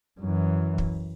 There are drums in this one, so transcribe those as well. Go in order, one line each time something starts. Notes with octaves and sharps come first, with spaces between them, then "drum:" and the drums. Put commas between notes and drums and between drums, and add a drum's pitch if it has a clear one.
F#2 E3
drum: kick